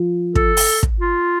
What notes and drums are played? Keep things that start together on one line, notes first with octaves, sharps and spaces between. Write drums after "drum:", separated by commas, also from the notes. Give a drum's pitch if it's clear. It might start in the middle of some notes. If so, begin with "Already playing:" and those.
Already playing: F3
A4, drum: kick
drum: open hi-hat
drum: kick
F4